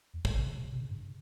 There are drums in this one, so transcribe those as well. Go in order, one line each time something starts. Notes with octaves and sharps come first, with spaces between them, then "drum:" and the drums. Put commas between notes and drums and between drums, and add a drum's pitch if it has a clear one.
E2
G#2, drum: kick
C3
C#3
B2
A#2
C3
C#3
G2